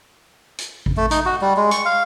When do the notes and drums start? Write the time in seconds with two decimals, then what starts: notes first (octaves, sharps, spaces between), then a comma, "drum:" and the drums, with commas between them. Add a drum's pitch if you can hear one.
0.58 drum: hi-hat
0.86 drum: kick A1
0.97 A3
1.11 D#4, drum: hi-hat
1.26 F#4
1.41 G3
1.57 G#3
1.71 C#6, drum: hi-hat
1.85 F5